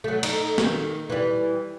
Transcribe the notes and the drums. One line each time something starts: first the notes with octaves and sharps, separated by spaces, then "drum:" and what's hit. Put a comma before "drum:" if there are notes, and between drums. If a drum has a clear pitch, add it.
F#3 A3
D#4, drum: cymbal
D#3, drum: snare
E3 G3